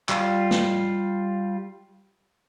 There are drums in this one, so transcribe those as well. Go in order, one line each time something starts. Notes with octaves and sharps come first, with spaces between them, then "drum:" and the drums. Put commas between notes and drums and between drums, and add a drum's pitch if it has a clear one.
G3 F4, drum: clap
drum: snare